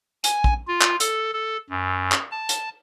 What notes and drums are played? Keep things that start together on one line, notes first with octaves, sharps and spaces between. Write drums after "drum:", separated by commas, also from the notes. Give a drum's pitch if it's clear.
G#5, drum: hi-hat
drum: kick
F4
drum: clap
A4, drum: hi-hat
A4
F#2
drum: clap
A5
drum: hi-hat